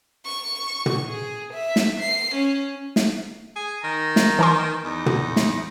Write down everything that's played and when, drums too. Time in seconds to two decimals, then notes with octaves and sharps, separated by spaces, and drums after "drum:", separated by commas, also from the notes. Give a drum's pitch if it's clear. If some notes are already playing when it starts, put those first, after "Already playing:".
0.25 C#6
0.86 drum: tom
1.08 G#4
1.53 E5
1.76 drum: snare
2.00 C7
2.35 C#4
2.96 drum: snare
3.56 G#4
3.84 D#3 A#5
4.16 drum: snare
4.39 E3 G#5 C6
4.84 E2 D#4
5.06 drum: tom
5.36 drum: snare